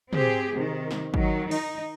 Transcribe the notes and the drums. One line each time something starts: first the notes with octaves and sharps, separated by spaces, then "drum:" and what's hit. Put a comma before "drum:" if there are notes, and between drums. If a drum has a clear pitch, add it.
C4 G4 G#4, drum: tom
C3 D#3
drum: snare
D#3 F#3, drum: kick G#1
D#4, drum: cymbal